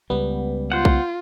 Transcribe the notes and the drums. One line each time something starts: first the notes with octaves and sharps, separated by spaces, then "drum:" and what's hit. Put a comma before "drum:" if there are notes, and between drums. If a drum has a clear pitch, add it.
C#2 G3 B3
F4 C5 F#5
drum: kick B1